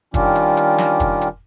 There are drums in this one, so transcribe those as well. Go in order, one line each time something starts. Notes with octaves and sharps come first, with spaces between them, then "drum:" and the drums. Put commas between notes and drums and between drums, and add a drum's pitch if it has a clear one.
D#3 G3 C#4 D4 F4, drum: kick, hi-hat
drum: hi-hat
drum: hi-hat
drum: snare
drum: kick, hi-hat
drum: hi-hat